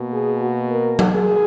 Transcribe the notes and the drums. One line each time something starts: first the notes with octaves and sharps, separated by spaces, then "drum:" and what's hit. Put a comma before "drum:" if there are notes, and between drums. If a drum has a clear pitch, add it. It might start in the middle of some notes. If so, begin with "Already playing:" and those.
Already playing: B2 A#3
G#4
F#4
A#4
drum: tom F#3
G#4